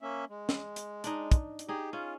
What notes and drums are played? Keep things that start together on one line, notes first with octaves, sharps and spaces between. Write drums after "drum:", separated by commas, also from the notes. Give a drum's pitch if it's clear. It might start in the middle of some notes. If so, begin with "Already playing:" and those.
A#3 C#4 E5
G#3
drum: snare
drum: hi-hat
D4 D#4, drum: hi-hat
drum: kick, hi-hat
drum: hi-hat
D#4 G4 G#4
C#4 F4